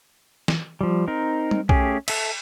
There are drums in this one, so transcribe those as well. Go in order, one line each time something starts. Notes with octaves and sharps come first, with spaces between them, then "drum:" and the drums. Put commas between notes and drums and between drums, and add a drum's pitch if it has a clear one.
drum: snare
F3 G3
C4 D#4 A#4
drum: tom G3
A3 C#4 G4 G#4, drum: kick B1
A4 E5, drum: cymbal